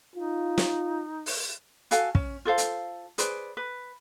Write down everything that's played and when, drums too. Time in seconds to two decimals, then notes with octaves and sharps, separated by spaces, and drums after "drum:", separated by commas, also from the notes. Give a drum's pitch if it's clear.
0.16 D#4 F4
0.58 drum: snare
1.26 drum: open hi-hat
1.91 F#4 A4 F5 G#5, drum: hi-hat
2.15 C#4, drum: kick
2.45 F4 A4 C5 F5
2.58 drum: hi-hat
3.18 G#4 B4 C5 D5, drum: hi-hat
3.57 B4